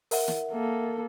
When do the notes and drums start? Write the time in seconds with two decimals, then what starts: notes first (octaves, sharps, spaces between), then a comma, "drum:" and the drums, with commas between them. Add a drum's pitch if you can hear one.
0.11 A#4 E5 F#5, drum: open hi-hat
0.28 drum: snare
0.52 A#3 A4